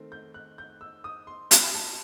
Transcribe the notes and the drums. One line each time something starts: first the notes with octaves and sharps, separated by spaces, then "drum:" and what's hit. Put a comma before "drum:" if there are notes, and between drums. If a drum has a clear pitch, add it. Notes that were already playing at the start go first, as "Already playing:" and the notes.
Already playing: D#3 A3 C4
G6
F#6
G6
E6
D#6
C6
B5, drum: hi-hat
B5
A5